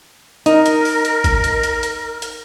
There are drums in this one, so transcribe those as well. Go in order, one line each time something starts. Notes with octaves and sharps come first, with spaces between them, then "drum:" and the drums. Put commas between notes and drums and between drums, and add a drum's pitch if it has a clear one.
D#4 A#4, drum: hi-hat
drum: hi-hat
drum: open hi-hat
drum: hi-hat
drum: kick G#1, hi-hat
drum: hi-hat
drum: hi-hat
drum: hi-hat
drum: hi-hat